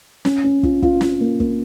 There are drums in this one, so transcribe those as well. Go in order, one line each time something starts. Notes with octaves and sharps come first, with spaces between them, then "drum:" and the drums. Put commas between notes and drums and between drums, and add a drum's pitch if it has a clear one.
C#4, drum: snare
C#4
F4, drum: kick
F4, drum: kick
F4, drum: snare
A#3
A#3, drum: kick